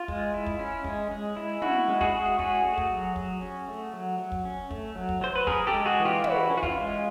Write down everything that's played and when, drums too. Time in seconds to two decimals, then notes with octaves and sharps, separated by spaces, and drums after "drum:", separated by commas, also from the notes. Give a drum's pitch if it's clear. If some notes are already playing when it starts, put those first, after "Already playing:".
Already playing: F4
0.08 G#3, drum: kick
0.34 E4
0.46 drum: kick
0.59 C#4
0.84 G#3, drum: kick
1.11 G#3
1.37 E4
1.62 C#4 E4 F#4, drum: tom
1.88 G#3
2.01 F#4 G#4, drum: kick
2.13 G#3
2.39 C#4 F#4 G#4, drum: kick
2.65 A3
2.78 drum: kick
2.91 F#3
3.16 F#3, drum: kick
3.42 C#4
3.68 A3
3.93 F#3
4.19 F#3
4.32 drum: kick
4.45 C#4
4.71 A3, drum: kick
4.95 F#3
5.09 drum: kick
5.21 F#3 C5
5.36 B4
5.47 C#4 G#4 A#4, drum: kick
5.67 G4 A4
5.73 G#3
5.86 F#4 G#4
5.99 E3
6.05 F4 G4
6.24 E3 E4 F#4, drum: tom
6.50 C#4
6.57 F#4
6.63 F4, drum: kick
6.76 G#3